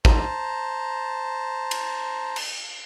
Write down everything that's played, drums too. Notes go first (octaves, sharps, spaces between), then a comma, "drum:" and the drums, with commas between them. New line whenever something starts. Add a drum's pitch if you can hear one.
C5 A5 A#5, drum: kick A1
drum: cymbal
drum: cymbal